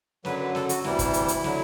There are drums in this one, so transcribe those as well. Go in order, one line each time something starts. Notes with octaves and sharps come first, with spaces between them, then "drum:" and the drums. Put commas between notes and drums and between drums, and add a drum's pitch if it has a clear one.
F#2 D3 F#3 B4, drum: snare
B4
A4, drum: snare
F#4, drum: hi-hat
D2 C3 E3 G3 E4, drum: snare
drum: kick, hi-hat
drum: hi-hat
drum: hi-hat
D3 F#3, drum: snare